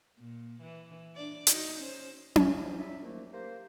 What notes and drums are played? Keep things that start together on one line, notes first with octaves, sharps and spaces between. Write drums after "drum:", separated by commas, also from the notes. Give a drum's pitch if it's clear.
A#2
E3
D4 D5
D#4 F#4, drum: hi-hat
C#4 C5
drum: tom C#4
E2 F3 F#3
F#3 G3 D#4 E4 D5 E5
D#3 F3 A3 A#3
A#3 G4 C5